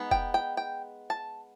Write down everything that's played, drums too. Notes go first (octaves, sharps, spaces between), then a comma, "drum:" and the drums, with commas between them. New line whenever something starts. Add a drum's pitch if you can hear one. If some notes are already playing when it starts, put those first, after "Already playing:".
Already playing: G#3 B3 D#4
G5, drum: kick F1
G5
G5
A5